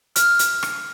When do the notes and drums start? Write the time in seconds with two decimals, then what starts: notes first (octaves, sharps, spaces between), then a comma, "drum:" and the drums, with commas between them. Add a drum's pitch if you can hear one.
0.16 F6, drum: hi-hat
0.39 drum: hi-hat
0.63 drum: rim click